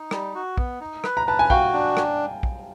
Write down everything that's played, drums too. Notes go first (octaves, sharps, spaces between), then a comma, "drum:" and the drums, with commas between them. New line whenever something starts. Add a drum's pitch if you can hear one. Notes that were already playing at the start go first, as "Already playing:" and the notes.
Already playing: D#4
G3, drum: rim click
F#4
B3, drum: kick
D#4
B4, drum: rim click
A#5
B4 A5
G#5
F#4 F5 G5, drum: kick
D4
drum: rim click
drum: kick